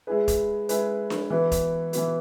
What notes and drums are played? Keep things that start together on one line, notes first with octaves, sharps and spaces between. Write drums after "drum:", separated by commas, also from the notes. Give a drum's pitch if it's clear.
G#3 E4 G#4 B4
drum: kick, hi-hat
G#3 E4 G#4 B4, drum: hi-hat
drum: snare D4
E3 B3 F#4 B4
drum: kick, hi-hat
E3 B3 F#4 B4, drum: hi-hat